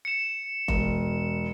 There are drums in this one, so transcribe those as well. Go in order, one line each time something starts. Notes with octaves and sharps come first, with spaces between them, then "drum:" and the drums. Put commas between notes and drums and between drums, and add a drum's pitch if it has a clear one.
C#7 E7
E1, drum: kick F1